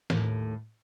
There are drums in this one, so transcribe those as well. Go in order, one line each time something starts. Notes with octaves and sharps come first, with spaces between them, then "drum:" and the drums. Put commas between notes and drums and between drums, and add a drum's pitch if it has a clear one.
D#2 A2, drum: snare E3